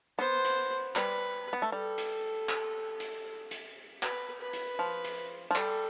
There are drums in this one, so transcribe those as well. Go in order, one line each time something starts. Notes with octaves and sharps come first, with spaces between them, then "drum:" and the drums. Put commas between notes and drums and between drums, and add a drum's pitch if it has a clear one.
B3 C5
drum: hi-hat
G3 B4, drum: clap
B3
A3
G3 A4
drum: hi-hat
drum: clap
drum: hi-hat
drum: hi-hat
B4, drum: clap
B4
drum: hi-hat
F3
drum: hi-hat
F3
G3 A4, drum: clap